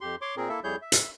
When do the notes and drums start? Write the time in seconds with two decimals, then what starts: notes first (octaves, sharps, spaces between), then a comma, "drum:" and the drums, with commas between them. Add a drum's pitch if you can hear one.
0.01 F2 G4 C6
0.21 C#5 C6 D6
0.37 A#2 C4 G#4 A#4
0.49 A#3 E4 A4 E5
0.64 F2 G3 E4 G#4 C#5 G6
0.82 E5
0.92 drum: hi-hat